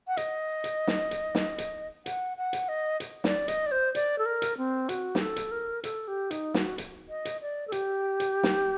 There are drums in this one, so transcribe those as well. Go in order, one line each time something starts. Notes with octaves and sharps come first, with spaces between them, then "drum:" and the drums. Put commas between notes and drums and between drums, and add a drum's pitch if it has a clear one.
F#5
D#5, drum: hi-hat
drum: hi-hat
drum: snare
drum: hi-hat
drum: snare
drum: hi-hat
F#5, drum: hi-hat
F#5
drum: hi-hat
D#5
drum: hi-hat
D5, drum: snare
D#5, drum: hi-hat
D5
C5
D5, drum: hi-hat
A4
A#4
drum: hi-hat
C4
F#4, drum: hi-hat
G4, drum: snare
A4
drum: hi-hat
A#4
A4, drum: hi-hat
G4
D#4, drum: hi-hat
F#4, drum: snare
drum: hi-hat
D#5
drum: hi-hat
D5
A4
G4, drum: hi-hat
drum: hi-hat
drum: snare